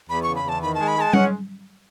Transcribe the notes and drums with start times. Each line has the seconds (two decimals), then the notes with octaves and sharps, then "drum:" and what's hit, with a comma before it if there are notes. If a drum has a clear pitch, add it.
0.09 E2 B5
0.23 C#3 C#6
0.36 B5
0.45 E2 A5
0.61 D#3 B5
0.75 G#3 A5
0.88 B5
0.97 G#3 A5
1.13 C#4 F#5, drum: tom G3